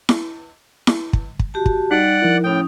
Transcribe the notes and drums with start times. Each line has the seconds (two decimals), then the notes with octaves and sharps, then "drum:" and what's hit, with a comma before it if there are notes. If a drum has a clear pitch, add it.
0.09 drum: snare E4
0.87 drum: snare E4
1.13 drum: kick
1.39 drum: kick
1.54 F#4 G4 A5
1.66 drum: kick
1.91 G3 D#4 D5 F#5 F#6
2.22 F3 E4 A#4
2.44 A2 C#4 G5 D#6